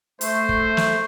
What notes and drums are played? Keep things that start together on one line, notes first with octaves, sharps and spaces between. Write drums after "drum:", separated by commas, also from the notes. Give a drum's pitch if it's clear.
A3 C5, drum: hi-hat
drum: kick
drum: snare